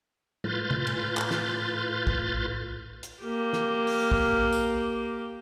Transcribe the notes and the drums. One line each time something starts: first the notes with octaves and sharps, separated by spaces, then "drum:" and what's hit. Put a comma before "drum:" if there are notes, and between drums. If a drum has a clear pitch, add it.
A2 F4 B4 F6 G6 A6, drum: tom
drum: tom
drum: cymbal
drum: clap
drum: snare
drum: kick
drum: hi-hat
A#3 G4
drum: snare
drum: open hi-hat
drum: kick
drum: tambourine